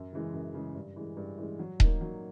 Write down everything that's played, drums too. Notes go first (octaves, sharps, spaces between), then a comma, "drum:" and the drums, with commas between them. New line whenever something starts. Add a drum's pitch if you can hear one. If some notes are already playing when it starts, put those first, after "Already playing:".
Already playing: F#2
C#3 E3 G#3
F#2
C#3 E3 G#3
G2
E3 G#3
G2
E3 G#3
F#3
A#3 D#4, drum: kick D#1
F#3